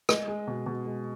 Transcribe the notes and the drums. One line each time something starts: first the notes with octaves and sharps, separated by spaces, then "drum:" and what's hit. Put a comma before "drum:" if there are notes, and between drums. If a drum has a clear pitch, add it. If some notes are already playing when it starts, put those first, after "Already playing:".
G#3 D#5, drum: rim click
G#3
B2
B2
G#3